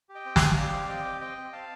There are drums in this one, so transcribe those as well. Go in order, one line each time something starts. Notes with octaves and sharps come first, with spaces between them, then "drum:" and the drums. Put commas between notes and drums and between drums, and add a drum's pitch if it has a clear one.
G4
D#5 G5
C4
F5 A5, drum: snare
G4
G4 D5 F5
C4
G4 D#5 G5
C4
C4 D#5 G5
C4
C4 F5 A5